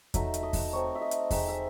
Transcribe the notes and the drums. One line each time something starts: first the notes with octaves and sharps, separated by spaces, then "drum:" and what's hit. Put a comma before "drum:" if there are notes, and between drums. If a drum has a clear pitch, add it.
F#3 A3 D#4 E5, drum: kick E2, hi-hat
drum: hi-hat
D#5
drum: kick E2, open hi-hat
A3 C4 D#4 C#5
E5
D#5
drum: hi-hat
G#3 C4 D#4 E5, drum: kick E2, open hi-hat
E5